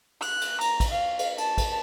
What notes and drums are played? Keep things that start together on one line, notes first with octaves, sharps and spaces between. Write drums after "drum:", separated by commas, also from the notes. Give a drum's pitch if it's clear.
F#6, drum: cymbal
drum: cymbal
A#5, drum: cymbal
drum: kick, cymbal
F5
drum: cymbal
A5, drum: cymbal
drum: kick, cymbal